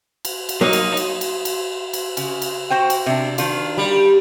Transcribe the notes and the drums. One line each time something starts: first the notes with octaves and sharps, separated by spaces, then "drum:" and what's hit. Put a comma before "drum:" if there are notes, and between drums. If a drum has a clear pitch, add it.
drum: cymbal
drum: cymbal
F#3 A#3 D#4
drum: cymbal
drum: cymbal
drum: cymbal
drum: cymbal
drum: cymbal
C#3, drum: cymbal
drum: cymbal
F#4 C5 G5
drum: cymbal
C3 D4
D#3 D4 F4, drum: cymbal
G3